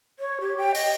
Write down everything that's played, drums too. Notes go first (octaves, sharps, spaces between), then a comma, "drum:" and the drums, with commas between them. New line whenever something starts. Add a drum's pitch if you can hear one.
C#5
G4
G5
D#5, drum: open hi-hat